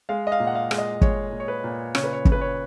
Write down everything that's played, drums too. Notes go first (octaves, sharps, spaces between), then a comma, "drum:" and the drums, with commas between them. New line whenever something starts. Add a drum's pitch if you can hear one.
G#3 F5
D#5
F5
A#2
F#5
F5
G#3, drum: rim click
D#5
G#3 C#5, drum: kick
A#2
C#5
B4
A#2
C#3 C#5, drum: rim click
B4
C#5
C#3, drum: kick
B4
C#5